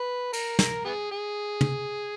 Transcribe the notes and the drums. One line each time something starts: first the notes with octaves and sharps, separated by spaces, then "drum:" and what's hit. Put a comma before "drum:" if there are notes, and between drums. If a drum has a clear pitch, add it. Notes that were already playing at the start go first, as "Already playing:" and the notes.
Already playing: B4
A#4, drum: cymbal
A#4, drum: snare
B3 G#4
G#4
drum: tom